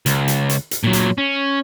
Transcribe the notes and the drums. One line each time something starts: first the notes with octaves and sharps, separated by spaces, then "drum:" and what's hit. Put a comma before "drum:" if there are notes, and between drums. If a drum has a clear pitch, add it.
C#2, drum: hi-hat
drum: hi-hat
drum: hi-hat
drum: hi-hat
A#2 F#3
drum: hi-hat
C#4